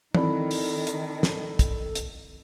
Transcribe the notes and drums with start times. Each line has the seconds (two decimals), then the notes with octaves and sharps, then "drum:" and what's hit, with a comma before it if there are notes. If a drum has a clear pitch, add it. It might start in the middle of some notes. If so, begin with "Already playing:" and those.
0.15 D#3 C4 D#4 E4 A4 D5 B5, drum: tom E3
0.51 drum: open hi-hat
0.87 drum: hi-hat
1.23 drum: snare
1.59 drum: kick, hi-hat
1.95 drum: hi-hat